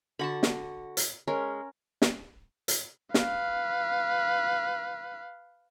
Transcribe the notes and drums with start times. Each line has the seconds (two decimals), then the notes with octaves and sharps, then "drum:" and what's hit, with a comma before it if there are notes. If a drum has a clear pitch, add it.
0.19 D3 F#4 A5 B5
0.43 drum: snare
0.97 drum: hi-hat
1.27 G#3 C#4 A#4
2.02 drum: snare
2.68 drum: hi-hat
3.14 B4 F5, drum: snare